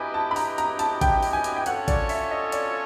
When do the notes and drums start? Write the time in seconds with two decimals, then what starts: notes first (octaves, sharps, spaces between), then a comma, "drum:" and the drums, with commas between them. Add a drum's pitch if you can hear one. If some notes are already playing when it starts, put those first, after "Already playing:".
Already playing: E4 G4 B4 D#5 G#5 A#5
0.14 A5
0.31 B5
0.36 A#5, drum: open hi-hat
0.58 A#5, drum: hi-hat
0.79 A5, drum: hi-hat
1.01 G5, drum: kick, hi-hat
1.23 drum: open hi-hat
1.33 G#5
1.44 drum: hi-hat
1.57 G5
1.66 C#4 F4 A4 C#5 F#5, drum: hi-hat
1.88 D5, drum: kick, hi-hat
2.09 E5, drum: open hi-hat
2.31 D#5
2.52 D5, drum: hi-hat